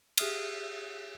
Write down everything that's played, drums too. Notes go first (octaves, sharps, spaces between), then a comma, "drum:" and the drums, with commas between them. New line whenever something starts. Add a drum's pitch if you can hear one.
G4 G#4 E5 D#6 F6 F#6, drum: cymbal